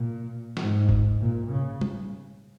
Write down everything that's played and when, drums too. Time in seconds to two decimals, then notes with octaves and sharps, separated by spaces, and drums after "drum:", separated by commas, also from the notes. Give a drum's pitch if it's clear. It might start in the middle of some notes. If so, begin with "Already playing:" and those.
Already playing: A#2
0.57 G#2, drum: snare
0.89 drum: kick
1.20 A#2
1.52 C#3
1.81 drum: tom